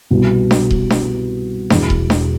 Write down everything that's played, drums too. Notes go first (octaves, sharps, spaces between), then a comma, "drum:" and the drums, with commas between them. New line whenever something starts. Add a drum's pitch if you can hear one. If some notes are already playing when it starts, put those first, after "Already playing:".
C2 B2 B3
drum: snare D4
drum: kick D#1
drum: snare D4
E1 E2 B2, drum: snare D4
drum: kick D#1
drum: snare D4